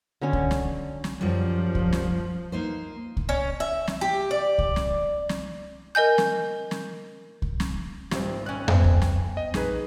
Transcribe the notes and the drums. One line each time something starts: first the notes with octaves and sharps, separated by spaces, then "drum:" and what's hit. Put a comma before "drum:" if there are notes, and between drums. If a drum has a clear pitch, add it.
D3 F#3 C#4
drum: kick C2
drum: snare
drum: snare
F#2 F3 G3
drum: kick C2
drum: snare
A#3 D#4 C5
drum: kick C2
C#4
E5
drum: snare
G4
D5
drum: kick C2
drum: snare
drum: snare
A#4 D#5 G#5 G6
drum: snare
drum: snare
drum: kick C2
drum: snare
G#1 G3 C4 F4, drum: snare
G3 C#4 G#5 F#6
B3 C4 G#5, drum: tom F2
drum: kick C2
drum: snare
D#5
A#1 D#4 G#4 B4, drum: snare